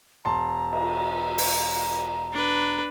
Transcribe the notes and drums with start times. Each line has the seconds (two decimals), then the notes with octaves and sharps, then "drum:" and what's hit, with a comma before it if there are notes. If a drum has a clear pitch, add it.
0.25 E1 A5 A#5 C6
0.73 drum: cymbal
1.38 drum: open hi-hat
2.33 D4 B4